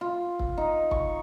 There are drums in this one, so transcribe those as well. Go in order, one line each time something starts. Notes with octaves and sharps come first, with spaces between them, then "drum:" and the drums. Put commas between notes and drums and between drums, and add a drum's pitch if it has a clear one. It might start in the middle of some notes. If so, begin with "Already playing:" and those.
F4
drum: kick
D#4
C#6, drum: kick